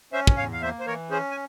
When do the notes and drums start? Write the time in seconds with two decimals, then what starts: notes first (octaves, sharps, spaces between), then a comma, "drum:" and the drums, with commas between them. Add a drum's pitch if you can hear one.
0.13 C#4 C5 E5
0.27 drum: kick
0.37 E2 C#5 F5
0.53 F5
0.61 A#3 C5 E5
0.80 C5
0.87 E3 A#4 C#5
1.11 C#4 G#4 C5
1.31 G#5